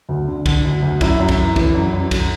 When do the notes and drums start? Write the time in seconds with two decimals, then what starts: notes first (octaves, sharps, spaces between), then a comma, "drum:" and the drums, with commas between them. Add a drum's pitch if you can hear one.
0.09 D2
0.28 D3
0.46 D3, drum: kick C2, cymbal
0.64 D2
0.82 D2
1.01 F#2 E4, drum: kick C2, cymbal
1.19 F#2
1.28 drum: kick C2, cymbal
1.38 E3
1.56 E3, drum: kick C2, cymbal
1.75 F#2
1.93 F#2
2.11 drum: kick C2, cymbal